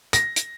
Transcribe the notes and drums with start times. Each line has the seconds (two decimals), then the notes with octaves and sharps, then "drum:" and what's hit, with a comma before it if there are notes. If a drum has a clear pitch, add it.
0.13 A#6, drum: hi-hat
0.36 drum: hi-hat